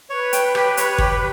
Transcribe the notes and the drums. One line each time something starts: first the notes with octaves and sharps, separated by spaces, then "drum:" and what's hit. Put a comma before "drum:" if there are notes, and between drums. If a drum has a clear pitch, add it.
B4 C#5
G5, drum: hi-hat
G4, drum: rim click
C#5, drum: hi-hat
G4, drum: kick